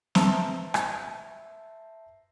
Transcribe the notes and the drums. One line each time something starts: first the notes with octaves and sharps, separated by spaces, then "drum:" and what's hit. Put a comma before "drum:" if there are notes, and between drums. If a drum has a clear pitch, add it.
B4 C5 E5 A5 A#5 E6, drum: snare
drum: rim click